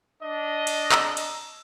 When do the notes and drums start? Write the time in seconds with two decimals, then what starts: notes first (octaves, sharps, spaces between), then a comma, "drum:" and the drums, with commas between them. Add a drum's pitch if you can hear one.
0.23 D4 D#5
0.67 drum: cymbal
0.92 A#5 E6, drum: clap
1.17 drum: cymbal